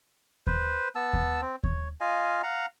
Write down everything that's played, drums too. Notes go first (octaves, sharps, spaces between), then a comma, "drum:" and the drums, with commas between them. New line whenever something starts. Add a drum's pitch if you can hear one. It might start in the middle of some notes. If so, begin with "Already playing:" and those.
B4 C5, drum: kick D#2
B3 A5 E6
drum: kick D#2
C4
C#5, drum: kick D#2
F4 D#5 F5 G#5
F5 F#5 A#5